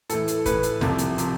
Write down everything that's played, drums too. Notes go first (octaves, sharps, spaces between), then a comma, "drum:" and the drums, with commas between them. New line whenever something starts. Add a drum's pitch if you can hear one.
A2 E3 A3 A4, drum: hi-hat
drum: hi-hat
A2 E3 A3 B4, drum: kick, hi-hat
drum: hi-hat
C2 C3 F3, drum: snare
drum: hi-hat
C3 F3, drum: hi-hat